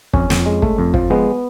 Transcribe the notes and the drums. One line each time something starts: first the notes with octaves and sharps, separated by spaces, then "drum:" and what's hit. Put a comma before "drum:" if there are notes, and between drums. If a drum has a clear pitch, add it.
F2 C#4, drum: kick
F2, drum: snare
G#3
A3, drum: kick
F2
F3, drum: kick
G#3 B3